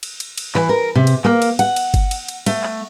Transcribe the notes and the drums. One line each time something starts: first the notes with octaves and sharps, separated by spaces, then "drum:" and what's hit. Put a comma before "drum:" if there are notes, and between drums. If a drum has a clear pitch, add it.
drum: cymbal
drum: cymbal
drum: cymbal
E3, drum: clap
A#4
C3
drum: cymbal
A#3, drum: clap
drum: cymbal
F#5, drum: cymbal
drum: cymbal
drum: kick G1, cymbal
drum: cymbal
drum: cymbal
A3, drum: cymbal
drum: clap